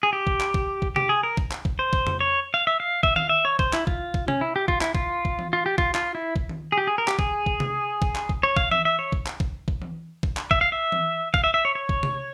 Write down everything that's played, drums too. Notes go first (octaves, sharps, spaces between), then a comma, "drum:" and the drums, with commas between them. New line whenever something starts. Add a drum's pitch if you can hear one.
G#4
G4
drum: kick
drum: clap
drum: kick
drum: kick
G4, drum: tom C3
G#4
A#4
drum: kick
drum: clap
drum: kick
C5
drum: kick
drum: tom F2
C#5
F5
E5
F5
E5, drum: kick
F5, drum: tom D#3
E5
C#5
C5, drum: kick
E4, drum: clap
F4, drum: kick
drum: kick
C#4, drum: tom C3
E4
G4
F4, drum: kick
E4, drum: clap
F4, drum: kick
drum: kick
drum: tom E3
F4
G4
F4, drum: kick
F4, drum: clap
E4
drum: kick
drum: tom D#3
G#4
G4
G#4
A#4
G4, drum: clap
G#4, drum: kick
drum: kick
drum: tom C3
drum: kick
drum: clap
drum: kick
C#5
F5, drum: kick
E5, drum: tom E3
E5
C#5
drum: kick
drum: clap
drum: kick
drum: kick
drum: tom E3
drum: kick
drum: clap
E5, drum: kick
F5
E5
drum: tom E3
F5, drum: kick
E5
E5
C#5
C#5
drum: kick
drum: tom C3